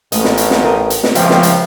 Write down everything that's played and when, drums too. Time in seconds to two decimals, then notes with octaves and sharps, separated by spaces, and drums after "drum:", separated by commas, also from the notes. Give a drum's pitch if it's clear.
0.12 A1 A3 D#5, drum: hi-hat
0.24 drum: snare
0.38 drum: hi-hat
0.51 drum: snare
0.64 G4 A#4 D#5
0.90 drum: hi-hat
1.03 drum: snare
1.15 C#2 F3 E5 F5 G5, drum: hi-hat
1.30 drum: snare
1.43 drum: hi-hat